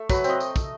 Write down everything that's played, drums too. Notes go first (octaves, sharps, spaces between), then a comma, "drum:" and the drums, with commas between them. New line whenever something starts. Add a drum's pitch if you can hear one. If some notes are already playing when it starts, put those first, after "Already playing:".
Already playing: A3
F#3 B4, drum: kick, tambourine
C4, drum: tambourine
D#5
drum: tambourine
drum: kick, tambourine